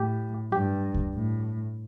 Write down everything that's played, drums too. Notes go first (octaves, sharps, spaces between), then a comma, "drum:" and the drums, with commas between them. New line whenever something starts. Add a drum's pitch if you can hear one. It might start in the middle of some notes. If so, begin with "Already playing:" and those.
Already playing: A2 G4
G2 G4
drum: kick C#2
A2